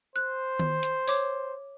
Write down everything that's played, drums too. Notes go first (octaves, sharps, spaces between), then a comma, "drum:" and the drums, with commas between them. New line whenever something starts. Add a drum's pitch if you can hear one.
C5 F#6
drum: tom D#3
drum: hi-hat
C#5 D6, drum: open hi-hat